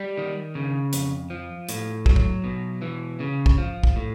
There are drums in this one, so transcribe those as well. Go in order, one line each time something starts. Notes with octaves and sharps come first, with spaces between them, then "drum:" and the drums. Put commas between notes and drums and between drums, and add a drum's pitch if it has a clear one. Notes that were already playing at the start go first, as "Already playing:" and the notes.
Already playing: G3
D#3
C#3
F2, drum: hi-hat
F3
A2, drum: hi-hat
F#3, drum: kick
drum: kick
B2
E3
C#3
drum: kick
F3
drum: kick
A2